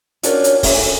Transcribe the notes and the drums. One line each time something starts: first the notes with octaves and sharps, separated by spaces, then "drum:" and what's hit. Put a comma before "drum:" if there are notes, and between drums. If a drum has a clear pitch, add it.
C#4 D4 F4 F#4 A#4 C#5, drum: hi-hat
drum: hi-hat
C#3 C#4 E5 A#5, drum: kick, open hi-hat
A4 F#5 G#5